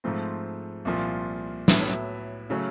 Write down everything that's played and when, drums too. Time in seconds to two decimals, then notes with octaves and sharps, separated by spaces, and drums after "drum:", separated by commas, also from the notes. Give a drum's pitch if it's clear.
0.04 G#2 F3 A3 C4
0.85 C2 A#2 F3
1.68 A2 F#3 B3 E4, drum: snare
2.50 C#3 F#3 A3 C#4